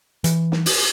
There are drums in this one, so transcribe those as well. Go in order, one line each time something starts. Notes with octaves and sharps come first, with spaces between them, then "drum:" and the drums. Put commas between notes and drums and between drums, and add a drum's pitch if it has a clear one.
E3, drum: hi-hat
drum: snare
drum: open hi-hat